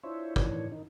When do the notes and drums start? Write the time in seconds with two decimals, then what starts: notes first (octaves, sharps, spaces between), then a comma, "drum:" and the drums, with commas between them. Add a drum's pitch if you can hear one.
0.03 D4 E4 F4 C5 C#5 E5
0.36 A2 D#3 E3 D4 C#5, drum: kick
0.72 D#3 D#4